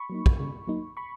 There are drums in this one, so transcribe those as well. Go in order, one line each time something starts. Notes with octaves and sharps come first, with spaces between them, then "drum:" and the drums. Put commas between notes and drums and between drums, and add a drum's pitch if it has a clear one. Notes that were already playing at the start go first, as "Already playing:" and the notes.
Already playing: B5 C#6
F#3 A#3 D#4
drum: kick
C#3
F#3 A#3 D#4
B5 C#6